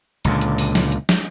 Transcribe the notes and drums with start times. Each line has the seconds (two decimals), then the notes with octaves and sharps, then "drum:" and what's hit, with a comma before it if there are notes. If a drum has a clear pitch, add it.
0.25 C#2 A#2 D3, drum: hi-hat
0.41 drum: hi-hat
0.58 drum: open hi-hat
0.75 drum: snare
0.92 drum: hi-hat
1.09 drum: snare